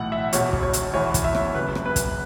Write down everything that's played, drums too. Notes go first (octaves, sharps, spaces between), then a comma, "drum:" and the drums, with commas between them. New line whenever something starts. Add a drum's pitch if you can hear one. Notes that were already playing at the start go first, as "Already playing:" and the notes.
Already playing: B1 A2 E3 F#5
E5
E1 E2 B2 C#5, drum: hi-hat
drum: kick
C#5
drum: hi-hat
E1 E2 E3 C#5
drum: kick, hi-hat
E5
drum: rim click
F#1 F#2 C#3 B4
drum: rim click
B4
drum: kick, hi-hat